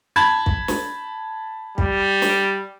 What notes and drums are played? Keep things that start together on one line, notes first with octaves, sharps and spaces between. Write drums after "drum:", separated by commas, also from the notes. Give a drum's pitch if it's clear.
A5 B5 G#6
drum: kick
drum: snare
G3, drum: kick
drum: snare